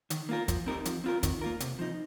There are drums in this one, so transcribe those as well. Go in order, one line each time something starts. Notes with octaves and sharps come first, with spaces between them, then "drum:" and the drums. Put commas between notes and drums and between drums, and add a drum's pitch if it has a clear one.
D#3, drum: hi-hat
A#3 F4 A#4
F3, drum: kick, hi-hat
C4 D#4 G4 A#4
F3, drum: hi-hat
C4 F4 A#4
D#3, drum: kick, hi-hat
A#3 F4 A#4
C3, drum: hi-hat
F3 D#4